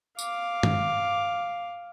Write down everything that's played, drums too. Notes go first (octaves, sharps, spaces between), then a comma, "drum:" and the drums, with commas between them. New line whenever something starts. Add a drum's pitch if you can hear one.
F5 D6, drum: tambourine
drum: tom